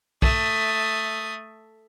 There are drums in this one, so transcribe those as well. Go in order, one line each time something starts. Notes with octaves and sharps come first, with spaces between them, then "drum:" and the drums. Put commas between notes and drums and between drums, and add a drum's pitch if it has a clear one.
A3 D#6, drum: kick B1